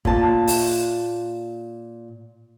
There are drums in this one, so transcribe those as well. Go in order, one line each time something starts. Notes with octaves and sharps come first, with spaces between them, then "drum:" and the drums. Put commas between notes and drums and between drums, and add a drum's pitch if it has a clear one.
A#2 A5, drum: kick
drum: open hi-hat